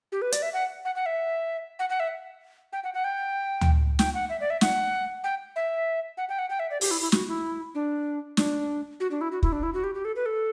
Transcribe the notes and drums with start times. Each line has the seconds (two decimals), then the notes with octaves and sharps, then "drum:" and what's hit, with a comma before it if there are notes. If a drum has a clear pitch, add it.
0.12 G4
0.22 B4
0.32 D5, drum: hi-hat
0.42 E5
0.53 F#5
0.85 F#5
0.95 F#5
1.06 E5
1.79 F#5
1.90 F#5
2.00 E5
2.73 G5
2.84 F#5
2.94 F#5
3.04 G5
3.61 drum: tom D2
3.99 G5, drum: snare
4.14 F#5
4.30 E5
4.41 D5
4.50 E5
4.61 F#5, drum: snare
5.24 G5
5.56 E5
6.17 F#5
6.29 G5
6.39 F#5
6.50 G5
6.60 E5
6.71 D5
6.81 G4, drum: open hi-hat
6.91 E4
7.01 E4
7.12 F#4, drum: snare
7.28 E4
7.75 D4
8.37 D4, drum: snare
9.00 F#4
9.11 D4
9.21 E4
9.32 F#4
9.43 E4, drum: kick
9.52 D4
9.63 E4
9.74 F#4
9.84 G4
9.95 G4
10.05 A4
10.16 B4
10.26 A4